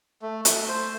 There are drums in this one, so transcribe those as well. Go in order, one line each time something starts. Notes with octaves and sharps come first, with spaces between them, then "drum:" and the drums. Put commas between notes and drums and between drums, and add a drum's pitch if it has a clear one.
A3
A3, drum: hi-hat
C5